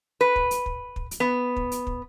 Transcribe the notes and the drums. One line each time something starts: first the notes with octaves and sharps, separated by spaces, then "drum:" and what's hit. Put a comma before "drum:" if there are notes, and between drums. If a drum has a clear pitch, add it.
B4
drum: kick
drum: hi-hat
drum: kick
drum: kick
drum: hi-hat
B3
drum: kick
drum: hi-hat
drum: kick